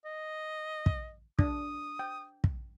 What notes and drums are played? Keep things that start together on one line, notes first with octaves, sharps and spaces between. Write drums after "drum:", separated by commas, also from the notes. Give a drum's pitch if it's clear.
D#5
drum: kick
D4 D#6, drum: kick
G5
drum: kick